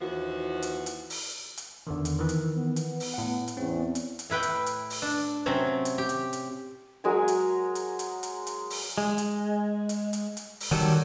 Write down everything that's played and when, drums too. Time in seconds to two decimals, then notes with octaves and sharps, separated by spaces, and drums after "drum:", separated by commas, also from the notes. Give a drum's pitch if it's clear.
0.01 D#2 E3 F3 F#4
0.62 drum: hi-hat
0.86 drum: hi-hat
1.10 drum: open hi-hat
1.57 drum: hi-hat
1.87 E2 D3 D#3
2.05 drum: hi-hat
2.19 D#3 E3
2.29 drum: hi-hat
2.56 B3
2.76 drum: hi-hat
3.00 drum: open hi-hat
3.14 A2 F#5
3.48 drum: hi-hat
3.57 E2 C4 C#4
3.95 drum: hi-hat
4.19 drum: hi-hat
4.30 A2 E4 B4 G5
4.43 drum: hi-hat
4.66 drum: hi-hat
4.90 drum: open hi-hat
5.02 D4
5.46 C3 F#3 C4 C#4
5.85 drum: hi-hat
5.98 G4
6.09 drum: hi-hat
6.33 drum: hi-hat
7.04 F#3 G#3 A#4 G#5
7.28 drum: hi-hat
7.75 drum: hi-hat
7.99 drum: hi-hat
8.23 drum: hi-hat
8.47 drum: hi-hat
8.70 drum: open hi-hat
8.98 G#3
9.18 drum: hi-hat
9.89 drum: hi-hat
10.13 drum: hi-hat
10.37 drum: hi-hat
10.60 drum: open hi-hat
10.71 D#3 F#3 G3 A4